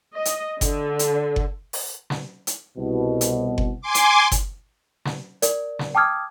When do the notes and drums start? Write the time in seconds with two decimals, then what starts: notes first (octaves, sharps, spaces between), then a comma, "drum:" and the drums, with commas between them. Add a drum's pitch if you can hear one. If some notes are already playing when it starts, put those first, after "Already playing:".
0.16 D#5
0.25 drum: hi-hat
0.61 D3, drum: kick F#1, hi-hat
0.99 drum: hi-hat
1.36 drum: kick F#1
1.73 drum: open hi-hat
2.10 drum: snare
2.47 drum: hi-hat
2.78 C2 B2
3.21 drum: hi-hat
3.58 drum: kick F#1
3.81 G#5 C6 D6
3.95 drum: hi-hat
4.32 drum: kick F#1, hi-hat
5.05 drum: snare
5.42 A#4 D5, drum: hi-hat
5.79 drum: snare
5.95 G5 A5 D6 D#6 F6 G#6